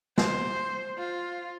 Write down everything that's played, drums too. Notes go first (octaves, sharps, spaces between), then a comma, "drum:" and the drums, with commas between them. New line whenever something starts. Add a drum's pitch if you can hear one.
C5, drum: snare
F4